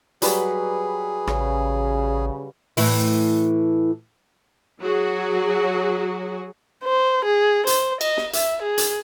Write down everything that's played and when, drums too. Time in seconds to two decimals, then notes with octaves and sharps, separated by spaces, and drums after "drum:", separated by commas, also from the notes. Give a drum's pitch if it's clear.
0.22 F#3 G3 G#4 B4, drum: hi-hat
1.27 A1 C#3, drum: rim click
2.77 A2 E3 E4, drum: open hi-hat
4.81 F#3 F#4 G#4
6.84 C5
7.25 G#4
7.67 C5, drum: hi-hat
8.01 D#5, drum: cymbal
8.17 drum: snare
8.33 E5, drum: hi-hat
8.62 G#4
8.78 drum: hi-hat